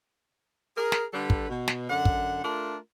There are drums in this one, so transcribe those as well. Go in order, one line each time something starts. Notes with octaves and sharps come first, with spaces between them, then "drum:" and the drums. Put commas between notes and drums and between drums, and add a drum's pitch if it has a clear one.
G#4 A#4
drum: snare
D3 G3 A4 B4
drum: kick
B2
drum: snare
F#2 D3 F#5
drum: kick
A3 D4 F4 A#4